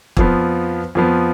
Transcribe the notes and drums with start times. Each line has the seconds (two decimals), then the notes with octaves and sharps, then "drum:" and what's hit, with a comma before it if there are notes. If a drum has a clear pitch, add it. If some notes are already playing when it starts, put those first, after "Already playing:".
0.17 F2 F3 B3, drum: kick
0.95 F2 F3 B3